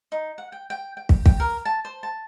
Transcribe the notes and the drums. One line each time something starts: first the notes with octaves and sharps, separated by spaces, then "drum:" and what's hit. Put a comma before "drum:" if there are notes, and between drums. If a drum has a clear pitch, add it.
D#4
F#5
G5
G5
G5
drum: kick
G5, drum: kick
A#4
A5
C5
A5